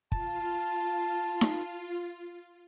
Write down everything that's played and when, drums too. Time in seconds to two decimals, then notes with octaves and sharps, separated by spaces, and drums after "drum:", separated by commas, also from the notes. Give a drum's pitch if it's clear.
0.12 F4 A5, drum: kick
1.41 drum: snare D#4